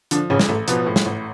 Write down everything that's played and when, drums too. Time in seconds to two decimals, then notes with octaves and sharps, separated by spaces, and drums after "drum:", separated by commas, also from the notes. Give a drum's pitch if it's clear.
0.11 D3 F3 D4, drum: hi-hat
0.30 A1 C#3 C#4
0.39 drum: snare
0.49 A1 A3
0.68 B2 F3 B3, drum: hi-hat
0.86 A2
0.96 drum: snare
1.06 A1